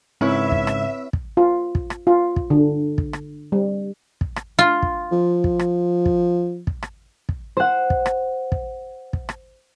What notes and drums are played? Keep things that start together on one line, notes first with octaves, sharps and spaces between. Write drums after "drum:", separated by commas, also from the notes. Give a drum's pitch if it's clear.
G#2 C#3 C4 E4 B4 C#5 E5
drum: kick
drum: rim click
drum: kick
F4
drum: kick
drum: rim click
F4
drum: kick
D3
drum: kick
drum: rim click
G3
drum: kick
drum: rim click
F4
drum: kick
F3
drum: kick
drum: rim click
drum: kick
drum: kick
drum: rim click
drum: kick
C5 F#5
drum: kick
drum: rim click
drum: kick
drum: kick
drum: rim click